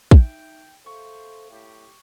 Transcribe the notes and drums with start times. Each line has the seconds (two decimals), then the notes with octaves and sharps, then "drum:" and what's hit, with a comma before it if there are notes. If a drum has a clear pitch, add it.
0.11 D#4 E5 G5, drum: kick
0.86 A4 C5 E5 F5 C#6
1.51 A2 G4